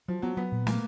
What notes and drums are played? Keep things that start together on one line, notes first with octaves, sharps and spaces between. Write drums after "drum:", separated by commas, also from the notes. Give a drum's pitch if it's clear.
F3 F#3
F#3 B3
F#3 B3
A#2
A3 A#3, drum: snare